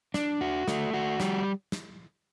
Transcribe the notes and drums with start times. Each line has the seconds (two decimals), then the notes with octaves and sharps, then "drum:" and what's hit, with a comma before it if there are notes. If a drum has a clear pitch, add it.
0.14 D4, drum: snare
0.41 F#4
0.68 A3, drum: snare
0.93 F#4
1.20 G3, drum: snare
1.72 drum: snare